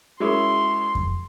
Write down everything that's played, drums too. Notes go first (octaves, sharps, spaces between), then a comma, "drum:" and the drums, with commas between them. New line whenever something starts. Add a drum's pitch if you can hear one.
G#3 C#4 E4 F#4 G#4 A#4 C6
drum: kick F2